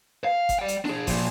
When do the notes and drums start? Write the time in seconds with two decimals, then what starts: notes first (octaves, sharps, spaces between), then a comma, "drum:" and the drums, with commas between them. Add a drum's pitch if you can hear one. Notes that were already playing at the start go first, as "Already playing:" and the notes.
0.25 F5
0.49 drum: kick G1, hi-hat
0.59 D5 G5
0.68 drum: hi-hat
0.85 D4 G#4, drum: snare E4
1.07 A#2 F3, drum: kick G1, open hi-hat